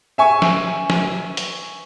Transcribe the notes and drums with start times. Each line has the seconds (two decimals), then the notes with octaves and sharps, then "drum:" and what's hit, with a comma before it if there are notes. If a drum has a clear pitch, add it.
0.18 E5 G#5 C#6
0.42 drum: snare
0.90 drum: snare
1.37 drum: hi-hat